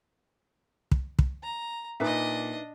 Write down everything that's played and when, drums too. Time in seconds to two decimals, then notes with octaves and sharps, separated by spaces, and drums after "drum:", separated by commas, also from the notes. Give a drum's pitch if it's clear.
0.91 drum: kick
1.19 drum: kick
1.43 A#5
2.00 A#2 D4 D#4 B4 D#5 E5